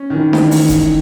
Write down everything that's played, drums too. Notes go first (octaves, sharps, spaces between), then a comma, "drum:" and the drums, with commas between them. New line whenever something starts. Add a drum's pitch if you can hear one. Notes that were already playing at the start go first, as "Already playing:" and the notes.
Already playing: C#4
D#3
E3
drum: snare D4
drum: open hi-hat
drum: kick F1, hi-hat